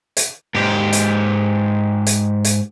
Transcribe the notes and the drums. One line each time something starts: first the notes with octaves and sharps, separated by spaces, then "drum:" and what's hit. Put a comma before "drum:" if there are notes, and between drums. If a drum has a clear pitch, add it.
drum: hi-hat
G#2 G4
drum: hi-hat
drum: hi-hat
drum: hi-hat